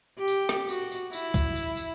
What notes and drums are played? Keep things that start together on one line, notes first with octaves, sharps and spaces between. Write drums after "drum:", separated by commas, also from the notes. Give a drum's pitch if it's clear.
G4
drum: tambourine
drum: rim click
F#4, drum: tambourine
drum: tambourine
E4, drum: tambourine
drum: kick, tambourine
drum: tambourine
drum: tambourine